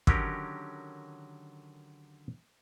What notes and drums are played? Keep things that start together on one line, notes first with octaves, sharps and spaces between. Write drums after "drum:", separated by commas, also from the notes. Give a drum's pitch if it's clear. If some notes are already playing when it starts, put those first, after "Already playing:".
D3 D#3 F#3 C#4 G4 A#4, drum: kick